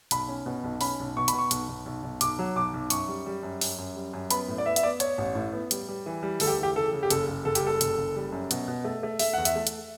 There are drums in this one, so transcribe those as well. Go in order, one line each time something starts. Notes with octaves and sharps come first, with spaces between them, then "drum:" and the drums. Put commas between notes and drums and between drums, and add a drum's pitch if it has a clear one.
B1 B5, drum: hi-hat
C#4
B2
B1
C#4 B5, drum: open hi-hat
B1
B2 C#6
B5, drum: hi-hat
B2
C#6
B1, drum: hi-hat
B1
B1
B1
B1 D6, drum: hi-hat
F#3
B1 D6
B1
F#2 C#6, drum: hi-hat
G3
G3
F#2
F#2, drum: open hi-hat
F#2
G3
F#2
B3 B5, drum: hi-hat
A2
D5
B3 E5
E5, drum: hi-hat
B3 D5
B3 C#5, drum: hi-hat
A1
A2
B3
G3, drum: hi-hat
G3
E3
G3
D2 A4, drum: open hi-hat
G4
E3 G4
C#3 A4
C#3
G4
F#1 A4, drum: hi-hat
F#1
F#1 A4
G4, drum: hi-hat
G3 A4
F#1, drum: hi-hat
F#1
G3
F#2
B2, drum: hi-hat
B2
A3
A3
A3 E5, drum: open hi-hat
E2 F#5
E5, drum: hi-hat
A3
drum: hi-hat